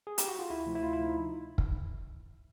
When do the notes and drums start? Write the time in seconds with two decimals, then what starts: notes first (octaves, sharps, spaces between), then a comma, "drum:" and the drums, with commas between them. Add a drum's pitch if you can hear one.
0.07 G#4
0.18 G4, drum: hi-hat
0.28 F#4
0.39 F4
0.50 D2 E4
0.66 C3 F3 A3
0.75 E4
0.83 D2 F4
0.93 E4
0.99 C3 F3 A3
1.04 D#4
1.58 drum: kick